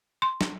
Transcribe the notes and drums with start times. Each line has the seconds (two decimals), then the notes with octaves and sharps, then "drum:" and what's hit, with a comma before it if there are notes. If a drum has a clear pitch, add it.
0.22 C6
0.41 drum: snare